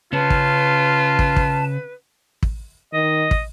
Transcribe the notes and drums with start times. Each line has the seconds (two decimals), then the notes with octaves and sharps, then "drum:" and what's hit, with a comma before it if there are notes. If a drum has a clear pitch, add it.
0.13 C#3 C#4 F4 B4 A5
0.30 drum: kick
1.19 drum: kick
1.36 drum: kick
2.43 drum: kick
2.93 D#3 D#5
3.31 drum: kick